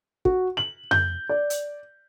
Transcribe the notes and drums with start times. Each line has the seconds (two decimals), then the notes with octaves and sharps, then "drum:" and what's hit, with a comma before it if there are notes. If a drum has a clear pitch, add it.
0.25 F#4, drum: kick
0.57 F#7
0.91 G6, drum: tom F2
1.29 D5
1.50 drum: hi-hat